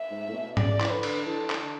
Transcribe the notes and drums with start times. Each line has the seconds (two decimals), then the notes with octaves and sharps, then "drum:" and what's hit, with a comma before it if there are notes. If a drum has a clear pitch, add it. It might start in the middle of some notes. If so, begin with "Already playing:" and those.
Already playing: E5
0.11 G#2
0.29 A2
0.33 B2
0.57 C#3 D5, drum: tom G#2
0.80 E3, drum: clap
0.91 D3 B4
1.03 drum: cymbal
1.26 E3 A4
1.50 D3, drum: clap